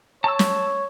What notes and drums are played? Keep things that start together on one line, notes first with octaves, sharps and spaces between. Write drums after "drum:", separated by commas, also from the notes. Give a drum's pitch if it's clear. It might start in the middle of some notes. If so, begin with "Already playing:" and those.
C#5 A5 E6
drum: snare